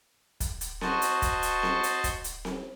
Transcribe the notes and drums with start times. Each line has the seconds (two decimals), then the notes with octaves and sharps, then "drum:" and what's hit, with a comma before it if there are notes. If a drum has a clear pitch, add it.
0.40 drum: kick, hi-hat
0.61 drum: hi-hat
0.81 F#4 C5 D#5 A5 C#6, drum: snare C4
1.02 drum: hi-hat
1.22 drum: kick, hi-hat
1.43 drum: hi-hat
1.63 drum: snare C4
1.83 drum: hi-hat
2.04 drum: kick, hi-hat
2.24 drum: hi-hat
2.45 drum: snare C4